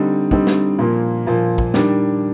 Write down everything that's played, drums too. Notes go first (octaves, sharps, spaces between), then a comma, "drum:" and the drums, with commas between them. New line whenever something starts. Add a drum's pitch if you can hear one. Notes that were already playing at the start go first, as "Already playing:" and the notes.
Already playing: D3 G3 C4 D#4
D3 G3 C4 D#4, drum: kick
drum: snare
A#2 F3 A#3
A#2 F3 A#3
drum: kick
D#3 G3 D4, drum: snare